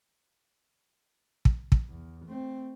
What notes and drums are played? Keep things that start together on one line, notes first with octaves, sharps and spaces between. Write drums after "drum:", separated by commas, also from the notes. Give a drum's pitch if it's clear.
drum: kick
drum: kick
E2
A3 C4